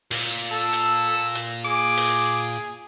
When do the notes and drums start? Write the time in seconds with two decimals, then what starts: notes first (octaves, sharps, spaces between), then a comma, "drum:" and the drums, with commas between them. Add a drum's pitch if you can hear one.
0.11 A#2, drum: open hi-hat
0.51 A4 E6
0.73 drum: hi-hat
1.35 drum: hi-hat
1.64 G#4 D6
1.98 drum: open hi-hat